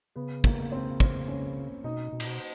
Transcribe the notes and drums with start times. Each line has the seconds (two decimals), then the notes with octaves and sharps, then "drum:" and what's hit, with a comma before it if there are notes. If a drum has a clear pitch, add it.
0.16 C#3 B3
0.44 A#3, drum: kick
0.72 C4
1.00 C4, drum: kick
1.28 C#4
1.84 B2 D#4
2.13 B2
2.20 A#2, drum: cymbal
2.27 B2